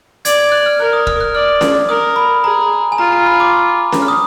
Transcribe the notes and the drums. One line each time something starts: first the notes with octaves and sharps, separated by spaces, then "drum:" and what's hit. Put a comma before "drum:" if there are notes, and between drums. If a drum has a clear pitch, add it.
D5 G#6, drum: hi-hat
G#6
F#6
F6
A#4 F#6
D#6
F6, drum: kick
F#6
D5 F6
drum: snare C#4
A#4 D#6
B5
G#4 A#5
G#5
F4 A#5
A#5
B5
D6
drum: snare C#4
F6
D#6